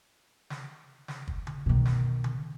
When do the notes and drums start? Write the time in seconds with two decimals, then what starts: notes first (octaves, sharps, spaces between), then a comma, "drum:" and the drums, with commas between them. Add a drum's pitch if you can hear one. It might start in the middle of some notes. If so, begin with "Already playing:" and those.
0.50 drum: snare
1.08 drum: snare
1.28 drum: kick
1.47 drum: tom C#3
1.66 B2 D#3
1.85 drum: snare
2.24 drum: tom C#3